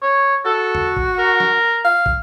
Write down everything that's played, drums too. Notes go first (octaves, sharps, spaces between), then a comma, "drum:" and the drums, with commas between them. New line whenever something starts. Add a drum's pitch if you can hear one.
C#5
F#4 A4
drum: tom E2
drum: kick
A#4
drum: snare
F5
drum: kick